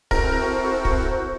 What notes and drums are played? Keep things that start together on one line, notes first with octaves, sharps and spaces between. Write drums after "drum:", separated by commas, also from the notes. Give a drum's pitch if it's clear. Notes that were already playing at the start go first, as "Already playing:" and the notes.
C4 E4 F#4 A4 A#4 C5, drum: kick
drum: kick